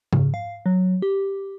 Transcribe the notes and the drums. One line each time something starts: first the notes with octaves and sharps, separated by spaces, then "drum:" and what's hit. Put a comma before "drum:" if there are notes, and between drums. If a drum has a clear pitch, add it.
C#3, drum: tom G#2
F5
F#3
G4